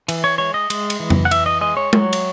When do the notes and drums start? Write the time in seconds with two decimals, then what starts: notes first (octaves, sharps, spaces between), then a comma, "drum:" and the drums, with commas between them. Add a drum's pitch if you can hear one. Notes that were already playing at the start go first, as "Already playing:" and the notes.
0.08 E3, drum: cymbal
0.24 C#5
0.38 G#3 C#5
0.54 D#5
0.70 G#3, drum: cymbal
0.90 drum: cymbal
1.00 E3
1.10 drum: tom
1.25 F#5
1.31 E3 E5, drum: cymbal
1.46 D#5
1.61 G#3 D#5
1.77 C#5
1.93 F#3, drum: tom G#3
2.13 drum: cymbal